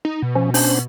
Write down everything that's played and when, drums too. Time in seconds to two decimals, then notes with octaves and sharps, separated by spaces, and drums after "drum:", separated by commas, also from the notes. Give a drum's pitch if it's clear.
0.05 D#4
0.22 B2
0.35 F3 C#4
0.54 C#4 D4 C5, drum: open hi-hat